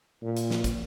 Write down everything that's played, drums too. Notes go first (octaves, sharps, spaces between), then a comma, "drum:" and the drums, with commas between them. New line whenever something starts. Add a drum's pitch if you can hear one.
A#2
drum: hi-hat
drum: snare
drum: kick, hi-hat